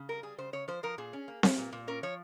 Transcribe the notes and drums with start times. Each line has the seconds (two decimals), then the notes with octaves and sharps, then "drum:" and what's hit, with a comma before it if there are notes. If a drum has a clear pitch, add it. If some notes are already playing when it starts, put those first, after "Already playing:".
Already playing: C#3
0.09 G3 A#4
0.23 G3 G#4
0.38 C#3 C5
0.53 C#3 C#5
0.68 F3 C5
0.83 F3 A#4
0.98 A#2 G#4
1.13 C#4
1.28 A#3
1.43 A#3, drum: snare C4
1.58 A#2
1.73 A#2
1.87 C#4 A#4
2.03 F3 C#5